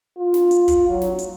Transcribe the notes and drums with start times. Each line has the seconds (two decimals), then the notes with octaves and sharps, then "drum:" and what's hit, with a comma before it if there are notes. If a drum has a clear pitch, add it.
0.17 F4
0.34 drum: snare
0.51 drum: hi-hat
0.68 drum: kick, hi-hat
0.89 F#3
1.02 drum: snare
1.19 drum: hi-hat